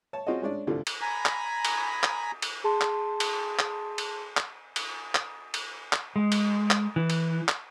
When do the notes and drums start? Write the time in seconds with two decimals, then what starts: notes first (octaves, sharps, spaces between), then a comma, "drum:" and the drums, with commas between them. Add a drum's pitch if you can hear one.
0.13 C#5 A5
0.27 C4 C#4 F4 F#4 G#4 D#5
0.42 G#3 C#4 D4 D5
0.67 C2 G2 D3 G3 F4 G4
0.87 drum: cymbal
1.01 G#5 A#5 B5
1.26 drum: clap
1.65 drum: cymbal
2.03 drum: clap
2.42 drum: cymbal
2.64 G#4 A5 C6
2.81 drum: clap
3.20 drum: cymbal
3.59 drum: clap
3.98 drum: cymbal
4.37 drum: clap
4.76 drum: cymbal
5.15 drum: clap
5.54 drum: cymbal
5.93 drum: clap
6.16 G#3
6.32 drum: cymbal
6.71 drum: clap
6.96 E3
7.10 drum: cymbal
7.49 drum: clap